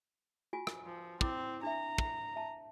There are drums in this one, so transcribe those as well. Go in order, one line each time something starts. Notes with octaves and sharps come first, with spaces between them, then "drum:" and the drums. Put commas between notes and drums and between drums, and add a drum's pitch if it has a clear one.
F4 F#4 G#5
drum: rim click
F3
C4 E4 D6, drum: kick
D4 E5 A#5
drum: kick
E5 A5